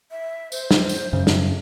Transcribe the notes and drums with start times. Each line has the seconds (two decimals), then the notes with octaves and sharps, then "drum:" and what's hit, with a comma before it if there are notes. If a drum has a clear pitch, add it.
0.11 E5
0.52 C5, drum: tambourine
0.71 drum: snare
0.89 drum: tambourine
1.13 F#2 C#3
1.27 drum: snare